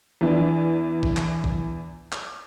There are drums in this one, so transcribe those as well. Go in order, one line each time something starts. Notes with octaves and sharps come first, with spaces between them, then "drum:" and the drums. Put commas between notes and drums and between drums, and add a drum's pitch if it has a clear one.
E2 E3 D4
drum: kick
drum: clap
drum: kick
drum: clap